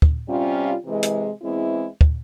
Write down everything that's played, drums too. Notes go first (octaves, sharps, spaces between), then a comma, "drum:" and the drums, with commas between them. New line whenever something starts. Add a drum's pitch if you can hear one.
drum: kick
C3 G3 C#4 F4
C3 E3 G#3
drum: hi-hat
E2 E3 G#3 C4 E4
drum: kick